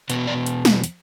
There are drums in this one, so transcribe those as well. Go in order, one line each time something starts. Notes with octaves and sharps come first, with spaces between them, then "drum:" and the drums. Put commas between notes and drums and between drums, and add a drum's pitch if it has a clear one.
E2 B2 B3 B4, drum: hi-hat
D5
drum: hi-hat
drum: snare
drum: hi-hat